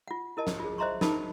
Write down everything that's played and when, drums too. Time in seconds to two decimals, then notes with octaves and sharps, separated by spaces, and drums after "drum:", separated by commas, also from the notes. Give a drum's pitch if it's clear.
0.08 F4 F#5
0.37 E4 A#4 D#5 A5
0.47 drum: snare
0.60 F4 G#4
0.78 C5 D#5 E5 A#5 C6 C#6
1.01 D#4 A#4 A5 B5 D6, drum: snare